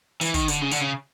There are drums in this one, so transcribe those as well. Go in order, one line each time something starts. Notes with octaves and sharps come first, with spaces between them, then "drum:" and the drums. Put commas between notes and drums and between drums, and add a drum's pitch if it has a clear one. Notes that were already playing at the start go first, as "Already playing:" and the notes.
E3, drum: hi-hat
D#3, drum: kick, hi-hat
D3, drum: hi-hat
C#3
D3, drum: hi-hat
C#3